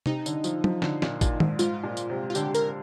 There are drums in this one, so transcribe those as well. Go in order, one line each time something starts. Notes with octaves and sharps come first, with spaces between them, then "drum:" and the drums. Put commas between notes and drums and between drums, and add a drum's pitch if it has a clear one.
C3 D#4, drum: tom
D3, drum: tambourine
F3, drum: tambourine
F3, drum: tom F#3
D3, drum: snare
A#2, drum: snare
A#2, drum: kick, tambourine
G#2, drum: tom D#3
G#2 F4, drum: tambourine
A#2
drum: tambourine
C3
F4
D3 G4, drum: tambourine
A#4, drum: tambourine